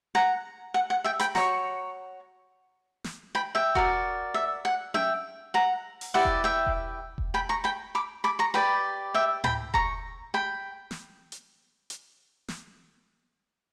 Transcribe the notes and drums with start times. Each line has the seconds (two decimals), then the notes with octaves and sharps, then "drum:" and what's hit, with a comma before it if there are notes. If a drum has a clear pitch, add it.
0.15 F#5 A#5
0.74 F#5
0.90 F#5
1.04 E5 G5
1.19 G5 B5, drum: hi-hat
1.35 F#4 C#5 A#5 C#6, drum: snare
3.04 drum: snare
3.35 G5 B5
3.55 E5 G5
3.75 F#4 A#4 D5, drum: kick E1
4.34 E5
4.65 F#5
4.94 E5 G5, drum: tom C#4
5.54 F#5 A#5
6.01 drum: open hi-hat
6.14 E4 G4 B4 D5 F#5
6.25 drum: kick E1
6.44 E5 G5
6.66 drum: kick E1
7.18 drum: kick E1
7.34 G5 B5
7.49 A#5 C#6
7.64 G5 B5
7.95 B5 D6
8.24 B5 D6
8.39 A#5 C#6
8.54 G4 B4 D5 G5 B5
9.14 E5 G5
9.44 G5 B5, drum: tom A2
9.74 A#5 C#6, drum: kick E1
10.34 G5 B5
10.91 drum: snare
11.32 drum: hi-hat
11.90 drum: hi-hat
12.48 drum: snare